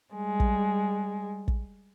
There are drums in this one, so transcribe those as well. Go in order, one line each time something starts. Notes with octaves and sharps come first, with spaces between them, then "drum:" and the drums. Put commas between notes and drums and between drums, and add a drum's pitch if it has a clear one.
G3 G#3
drum: kick
drum: kick